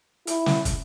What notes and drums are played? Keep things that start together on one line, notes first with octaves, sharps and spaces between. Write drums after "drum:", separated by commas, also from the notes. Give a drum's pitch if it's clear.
E4, drum: hi-hat
drum: snare
drum: kick, hi-hat